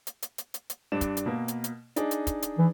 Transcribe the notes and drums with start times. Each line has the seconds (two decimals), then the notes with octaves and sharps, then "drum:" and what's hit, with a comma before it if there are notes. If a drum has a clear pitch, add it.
0.07 drum: hi-hat
0.22 drum: hi-hat
0.38 drum: hi-hat
0.54 drum: hi-hat
0.70 drum: hi-hat
0.92 G2 D4 E7
1.01 drum: kick, hi-hat
1.17 drum: hi-hat
1.26 B2 A#3
1.48 drum: hi-hat
1.64 drum: hi-hat
1.96 D4 D#4 G#4, drum: hi-hat
2.11 drum: hi-hat
2.27 drum: kick, hi-hat
2.42 drum: hi-hat
2.58 E3